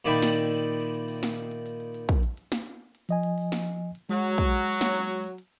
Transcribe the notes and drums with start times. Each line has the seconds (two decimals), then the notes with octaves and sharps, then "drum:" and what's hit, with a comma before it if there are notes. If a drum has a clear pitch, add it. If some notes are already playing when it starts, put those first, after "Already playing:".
0.05 A#2 D#3 D5 E5 G5 B5
0.22 drum: snare
0.37 drum: hi-hat
0.51 drum: hi-hat
0.80 drum: hi-hat
0.94 drum: hi-hat
1.08 drum: open hi-hat
1.23 drum: snare
1.37 drum: hi-hat
1.51 drum: hi-hat
1.66 drum: hi-hat
1.80 drum: hi-hat
1.94 drum: hi-hat
2.09 drum: kick, hi-hat
2.23 drum: hi-hat
2.37 drum: hi-hat
2.52 drum: snare
2.66 drum: hi-hat
2.95 drum: hi-hat
3.09 F3 D#5 G#5, drum: hi-hat
3.23 drum: hi-hat
3.38 drum: open hi-hat
3.52 drum: snare
3.66 drum: hi-hat
3.95 drum: hi-hat
4.09 F#3 G#3, drum: hi-hat
4.24 drum: hi-hat
4.38 drum: kick, hi-hat
4.52 drum: hi-hat
4.67 drum: hi-hat
4.81 drum: snare
4.95 drum: hi-hat
5.10 drum: hi-hat
5.24 drum: hi-hat
5.38 drum: hi-hat